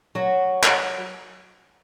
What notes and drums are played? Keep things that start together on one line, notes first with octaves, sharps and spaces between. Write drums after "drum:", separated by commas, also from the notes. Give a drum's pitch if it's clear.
F#3 F#4
drum: clap